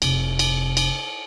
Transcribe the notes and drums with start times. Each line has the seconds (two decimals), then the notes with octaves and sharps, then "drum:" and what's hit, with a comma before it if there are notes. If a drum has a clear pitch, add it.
0.02 F1 C3, drum: cymbal
0.39 drum: cymbal
0.77 drum: cymbal